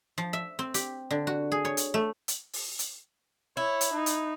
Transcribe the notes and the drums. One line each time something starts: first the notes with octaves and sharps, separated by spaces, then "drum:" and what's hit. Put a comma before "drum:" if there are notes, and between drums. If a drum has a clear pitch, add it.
F3
E5
C4
G4, drum: hi-hat
D3
F#4
G#4
C#5
drum: hi-hat
A3
drum: hi-hat
drum: open hi-hat
drum: hi-hat
E4 C#5
drum: hi-hat
D#4
drum: hi-hat